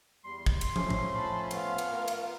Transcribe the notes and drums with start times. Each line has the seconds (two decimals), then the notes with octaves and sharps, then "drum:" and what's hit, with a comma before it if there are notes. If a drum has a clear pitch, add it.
0.24 E2 G3 C6
0.46 drum: kick
0.61 drum: cymbal
0.76 F3 A3 C#4, drum: tom
0.90 drum: tom A2
1.15 A5 B5
1.51 B3 F5, drum: cymbal
1.78 drum: cymbal
1.91 A3 F4 A#4
2.08 drum: cymbal